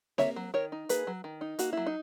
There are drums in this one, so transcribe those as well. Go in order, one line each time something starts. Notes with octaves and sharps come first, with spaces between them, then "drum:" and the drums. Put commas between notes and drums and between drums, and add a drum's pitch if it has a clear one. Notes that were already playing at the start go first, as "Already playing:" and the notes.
A#3 C#5 E5, drum: snare C4
F#3
D#3 A#4 C#5
D#4
A#3 G#4 B4, drum: hi-hat
F#3
D#3
D#4
A#3 F#4, drum: hi-hat
F#3 E4
D#4